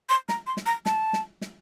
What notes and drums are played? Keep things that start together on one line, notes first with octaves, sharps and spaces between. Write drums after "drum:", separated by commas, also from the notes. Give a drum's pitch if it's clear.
C6
A#5, drum: snare
C6
drum: snare
A#5
A5, drum: snare
drum: snare
drum: snare